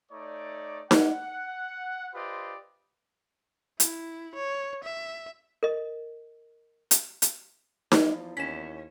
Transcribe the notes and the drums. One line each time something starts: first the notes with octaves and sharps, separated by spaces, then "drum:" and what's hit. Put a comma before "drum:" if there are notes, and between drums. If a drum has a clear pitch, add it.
A3 D#4 C#5 D5
F#5, drum: snare D#4
F4 G4 B4 C5 D5 D#5
E4, drum: hi-hat
C#5
E5
A#4 D#5
drum: hi-hat
drum: hi-hat
E2 F3, drum: snare D#4
D#2 C#4 B6 E7